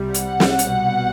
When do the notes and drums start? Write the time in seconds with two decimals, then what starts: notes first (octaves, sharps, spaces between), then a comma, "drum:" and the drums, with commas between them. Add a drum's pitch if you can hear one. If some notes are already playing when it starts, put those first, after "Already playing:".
Already playing: C2 C3 G3
0.14 F#5, drum: hi-hat
0.40 drum: snare
0.59 C2 B2 G3, drum: hi-hat